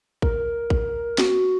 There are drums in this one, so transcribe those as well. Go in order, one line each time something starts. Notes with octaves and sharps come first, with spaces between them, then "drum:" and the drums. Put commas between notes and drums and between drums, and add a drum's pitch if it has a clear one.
A#4, drum: kick
drum: kick
F#4, drum: snare